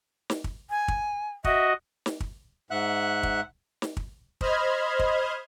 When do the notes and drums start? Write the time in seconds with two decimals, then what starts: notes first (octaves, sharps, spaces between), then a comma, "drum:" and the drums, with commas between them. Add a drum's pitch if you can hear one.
0.30 drum: snare
0.44 drum: kick
0.70 G#5
0.88 drum: kick
1.44 F#4 D#5 E5, drum: kick
2.06 drum: snare
2.20 drum: kick
2.71 G#2 E5 F#5 F#6
3.23 drum: kick
3.82 drum: snare
3.97 drum: kick
4.41 C5 D#5 B5 F6 G#6, drum: kick
4.99 drum: kick